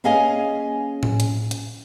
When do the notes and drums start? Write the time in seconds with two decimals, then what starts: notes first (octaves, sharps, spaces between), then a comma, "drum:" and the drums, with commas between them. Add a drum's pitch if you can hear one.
0.04 A#3 C#4 G#4 D#5 F5 G#5
1.03 drum: tom A2
1.20 drum: hi-hat
1.51 drum: hi-hat